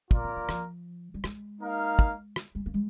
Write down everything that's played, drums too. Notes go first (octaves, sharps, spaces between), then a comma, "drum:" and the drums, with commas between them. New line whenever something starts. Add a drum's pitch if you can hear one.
A#2 A#3 F4 A#4 D5, drum: kick
C3
D3
F3, drum: rim click
G3
G#3, drum: rim click
A#3 D#4 A#4 F5
drum: kick
drum: rim click
G#3
A#3
G#3